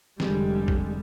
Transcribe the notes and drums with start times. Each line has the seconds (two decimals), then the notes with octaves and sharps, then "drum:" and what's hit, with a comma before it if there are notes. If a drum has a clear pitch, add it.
0.20 F1 D3 G3 G#3, drum: snare
0.68 drum: kick